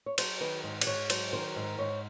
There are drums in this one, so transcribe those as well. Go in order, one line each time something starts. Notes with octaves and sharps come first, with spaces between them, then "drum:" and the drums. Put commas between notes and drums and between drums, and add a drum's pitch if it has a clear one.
C#5
F#3 C5, drum: cymbal
D#3 B4
G#2 C5
D5, drum: cymbal
G#2 C#5
F#3 C5, drum: cymbal
D#3 C5
G#2
G#2 C#5